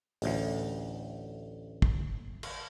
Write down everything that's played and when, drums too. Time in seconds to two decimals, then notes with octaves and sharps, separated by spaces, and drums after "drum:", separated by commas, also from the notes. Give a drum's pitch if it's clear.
0.22 A1 D2, drum: open hi-hat
1.82 drum: kick
2.43 drum: cymbal